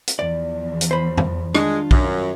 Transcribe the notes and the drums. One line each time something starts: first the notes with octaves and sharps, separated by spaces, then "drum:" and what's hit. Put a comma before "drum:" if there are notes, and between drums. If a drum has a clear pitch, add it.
drum: hi-hat
E2 F3 D5
drum: hi-hat
C5 B5
drum: tom F2
D#3 G3 G#3 D4 F4, drum: rim click
F#2, drum: kick